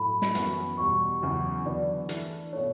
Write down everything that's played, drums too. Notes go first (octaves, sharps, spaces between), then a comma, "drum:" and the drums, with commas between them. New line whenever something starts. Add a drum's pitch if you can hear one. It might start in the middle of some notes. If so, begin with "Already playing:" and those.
Already playing: A2 F#3 A3 B5
drum: snare
F#2 E3 B3 F#4, drum: hi-hat
E2 B2 G3 C#6
E2 C#3 F#3
E2 D3 F#3 B3 D5
E3 A3 D4, drum: hi-hat
B2 A3 D4 C#5